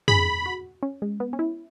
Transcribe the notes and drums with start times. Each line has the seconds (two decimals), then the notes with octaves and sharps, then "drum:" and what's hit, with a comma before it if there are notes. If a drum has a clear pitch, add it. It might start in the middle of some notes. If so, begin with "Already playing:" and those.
0.08 G#4 B5, drum: tom
0.46 F#4
0.83 C#4
1.02 G#3
1.20 B3
1.33 C#4
1.39 E4